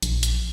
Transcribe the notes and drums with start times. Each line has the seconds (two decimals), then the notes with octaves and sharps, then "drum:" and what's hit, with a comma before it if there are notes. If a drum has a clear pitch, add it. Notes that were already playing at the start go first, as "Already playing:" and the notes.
0.03 A#1, drum: hi-hat
0.23 drum: hi-hat